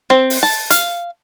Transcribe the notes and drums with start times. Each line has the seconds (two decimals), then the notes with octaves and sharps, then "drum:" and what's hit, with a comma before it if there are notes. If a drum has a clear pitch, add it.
0.10 C4
0.30 drum: open hi-hat
0.43 A5
0.70 F5, drum: hi-hat